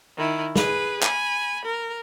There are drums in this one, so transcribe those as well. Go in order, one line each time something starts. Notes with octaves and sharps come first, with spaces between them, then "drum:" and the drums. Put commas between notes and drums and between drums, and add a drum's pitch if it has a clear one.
D#3 E4
G#4 B4, drum: snare
G#5 B5, drum: clap
A#4